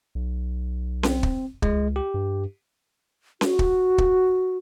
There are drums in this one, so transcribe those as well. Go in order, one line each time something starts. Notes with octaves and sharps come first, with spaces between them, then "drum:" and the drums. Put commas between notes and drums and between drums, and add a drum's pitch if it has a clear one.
B1
C4, drum: snare C#4
drum: kick
C#2 G#3, drum: kick
G4
G2
F#4, drum: snare C#4
drum: kick
drum: kick